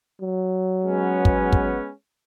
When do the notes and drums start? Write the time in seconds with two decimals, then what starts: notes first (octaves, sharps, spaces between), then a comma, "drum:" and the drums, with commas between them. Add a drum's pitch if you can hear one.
0.21 F#3
0.84 G#3 B3 C#4
1.25 drum: kick
1.53 drum: kick